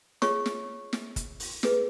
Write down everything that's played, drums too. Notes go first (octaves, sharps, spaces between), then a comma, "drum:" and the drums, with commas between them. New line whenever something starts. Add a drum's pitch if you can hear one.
F4 G#4 C#5 C#6, drum: snare
drum: snare
drum: snare
drum: kick, hi-hat
drum: open hi-hat
F4 G#4 B4, drum: snare